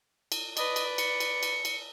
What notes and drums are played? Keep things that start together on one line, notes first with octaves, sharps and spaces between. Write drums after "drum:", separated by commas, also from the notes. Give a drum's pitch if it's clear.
drum: cymbal
B4 D5 D#5, drum: cymbal
drum: cymbal
C#7, drum: cymbal
drum: cymbal
drum: cymbal
drum: cymbal